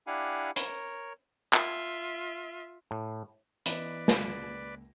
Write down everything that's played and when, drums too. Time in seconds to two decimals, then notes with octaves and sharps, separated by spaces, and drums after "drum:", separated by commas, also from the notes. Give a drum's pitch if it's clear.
0.07 D4 E4 G4 F5 F#5 G#5
0.56 A#4 C#5, drum: hi-hat
1.53 F4 E5, drum: clap
2.91 A2
3.66 E3 B3 B4 D5 D#5, drum: hi-hat
4.08 C#2 A#3 A#6, drum: snare